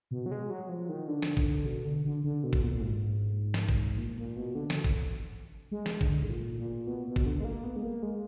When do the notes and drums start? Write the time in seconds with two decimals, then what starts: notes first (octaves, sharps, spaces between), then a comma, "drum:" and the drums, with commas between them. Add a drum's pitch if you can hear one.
0.11 B2
0.26 F#3
0.31 G#3
0.50 F#3
0.69 F3
0.89 D#3
1.08 D3
1.22 drum: snare
1.37 drum: kick G#1
1.66 B2
1.85 D3
2.05 D3
2.24 D3
2.44 B2
2.53 drum: kick G#1
2.62 A#2
2.73 A#2
2.81 G#2
3.54 drum: snare
3.69 drum: kick G#1
3.98 A#2
4.17 A#2
4.36 B2
4.55 D3
4.70 drum: snare
4.84 drum: kick G#1
5.71 G#3
5.86 drum: snare
6.01 D3, drum: kick G#1
6.23 G#2
6.30 A#2
6.58 A#2
6.87 B2
7.07 B2
7.16 drum: kick G#1
7.26 D3
7.41 G#3
7.44 A#3
7.64 B3
7.76 G#3
7.83 A#3
8.03 G#3